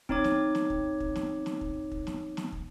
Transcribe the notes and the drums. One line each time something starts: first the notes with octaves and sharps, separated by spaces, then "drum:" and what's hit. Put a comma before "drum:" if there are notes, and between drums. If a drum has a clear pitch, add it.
C4 D#4 C#5 D6, drum: kick
drum: snare
drum: snare
drum: kick
drum: kick
drum: snare
drum: snare
drum: kick
drum: kick
drum: snare
drum: snare
drum: kick